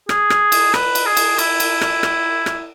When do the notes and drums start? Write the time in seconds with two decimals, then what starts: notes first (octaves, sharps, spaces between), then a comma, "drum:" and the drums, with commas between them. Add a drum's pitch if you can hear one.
0.09 G#4, drum: rim click
0.30 drum: rim click
0.52 drum: cymbal
0.74 B4, drum: rim click
0.95 drum: cymbal
1.06 G#4
1.17 drum: cymbal
1.38 E4, drum: cymbal
1.60 drum: cymbal
1.81 drum: rim click
2.03 drum: rim click
2.46 drum: rim click